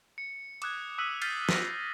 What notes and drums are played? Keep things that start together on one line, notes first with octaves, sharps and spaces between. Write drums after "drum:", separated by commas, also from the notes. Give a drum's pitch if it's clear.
C#7
D6 D#6 F#6 G#6, drum: cymbal
D#6 E6 F#6 B6 D#7 F#7
F6 G6 A6 B6 C7 D#7, drum: cymbal
A6 A#6, drum: snare